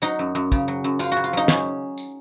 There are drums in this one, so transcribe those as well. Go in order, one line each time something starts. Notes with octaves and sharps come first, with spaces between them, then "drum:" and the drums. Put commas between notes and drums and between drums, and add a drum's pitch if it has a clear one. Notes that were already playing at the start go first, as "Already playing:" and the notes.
F#3 D#4, drum: tambourine
F#2
F#2
C#3, drum: kick, tambourine
F#3
F#2
F#2 F4, drum: tambourine
C#3 F#4
F4
F#3 D#4
F#2 C#4, drum: snare
drum: tambourine